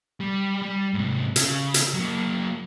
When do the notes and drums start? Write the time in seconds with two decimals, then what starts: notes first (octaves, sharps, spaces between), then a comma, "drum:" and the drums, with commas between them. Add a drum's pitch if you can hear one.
0.20 G3
0.62 G3
0.94 G#2 C3
1.36 C#3, drum: hi-hat
1.74 drum: hi-hat
1.94 F#3 A#3